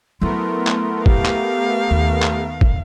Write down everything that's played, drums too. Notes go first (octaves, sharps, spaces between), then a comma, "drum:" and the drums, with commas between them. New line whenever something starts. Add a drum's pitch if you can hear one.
F#3 A3 B3 E4 A#4 C6
drum: clap
G4 F5, drum: kick
drum: clap
D#2
drum: clap
drum: kick